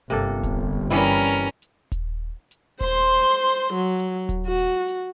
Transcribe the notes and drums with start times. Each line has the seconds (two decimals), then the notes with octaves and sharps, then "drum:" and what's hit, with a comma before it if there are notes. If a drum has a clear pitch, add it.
0.10 G1 C3 A#3 A4
0.43 drum: kick D#1, hi-hat
0.90 E3 G3 C#4 E4 A#4
1.03 drum: open hi-hat
1.32 drum: hi-hat
1.62 drum: hi-hat
1.92 drum: kick D#1, hi-hat
2.51 drum: hi-hat
2.81 C5 C6, drum: kick D#1, hi-hat
3.40 drum: open hi-hat
3.73 F#3
3.99 drum: hi-hat
4.29 drum: kick D#1, hi-hat
4.46 F#4
4.58 drum: hi-hat
4.88 drum: hi-hat